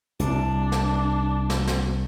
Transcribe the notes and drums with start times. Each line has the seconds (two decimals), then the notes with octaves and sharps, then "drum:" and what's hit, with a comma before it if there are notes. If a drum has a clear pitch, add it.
0.19 C2 D4, drum: hi-hat
0.72 drum: snare
1.50 drum: snare
1.67 drum: snare